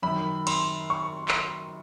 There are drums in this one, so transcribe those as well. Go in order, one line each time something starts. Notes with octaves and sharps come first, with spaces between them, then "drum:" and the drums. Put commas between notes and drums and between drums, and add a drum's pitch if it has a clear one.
F#2 D#3 B5
C6, drum: cymbal
C#6
drum: clap